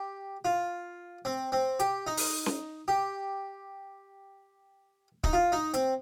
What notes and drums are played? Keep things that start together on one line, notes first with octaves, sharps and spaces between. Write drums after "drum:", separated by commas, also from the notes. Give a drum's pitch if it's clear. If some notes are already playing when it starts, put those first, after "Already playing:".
Already playing: G4
F4
C4
C4
G4, drum: hi-hat
D#4
drum: open hi-hat
drum: snare C#4
G4
D#4, drum: kick
F4
D#4
C4, drum: hi-hat